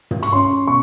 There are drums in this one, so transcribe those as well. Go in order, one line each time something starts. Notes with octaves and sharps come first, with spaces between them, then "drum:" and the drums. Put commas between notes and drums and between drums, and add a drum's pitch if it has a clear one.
drum: tom
C#6, drum: hi-hat
C#4 C6
B2 C#6